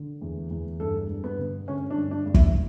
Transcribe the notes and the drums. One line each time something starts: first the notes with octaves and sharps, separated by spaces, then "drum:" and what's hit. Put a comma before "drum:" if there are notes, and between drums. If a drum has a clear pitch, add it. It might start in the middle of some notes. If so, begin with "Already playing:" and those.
Already playing: D3
E2
E2
G2 A4
G2
B3
D3
D3 C#4
D4
G2
D4
G2
E4, drum: kick